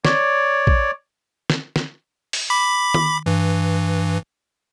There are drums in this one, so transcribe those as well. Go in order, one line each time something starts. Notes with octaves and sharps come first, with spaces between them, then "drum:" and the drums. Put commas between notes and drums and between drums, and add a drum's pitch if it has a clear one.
C#5 D5, drum: snare
drum: kick
drum: snare
drum: snare
drum: open hi-hat
B5 D6 B6
drum: tom D#3
G2 E3